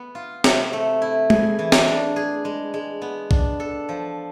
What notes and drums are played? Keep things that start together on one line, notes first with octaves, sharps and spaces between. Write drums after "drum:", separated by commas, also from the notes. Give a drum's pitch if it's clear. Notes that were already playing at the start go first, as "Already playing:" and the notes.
Already playing: B3
F4
C3, drum: snare
A3
E4
G#4, drum: tom
E3
drum: snare
D4
G#4
G#3
G#3
B3
D4, drum: kick
A4
F3